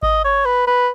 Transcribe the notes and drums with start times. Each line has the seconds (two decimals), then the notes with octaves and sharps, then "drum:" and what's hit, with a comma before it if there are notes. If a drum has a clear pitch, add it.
0.03 D#5, drum: kick G#1
0.24 C#5
0.45 B4
0.67 B4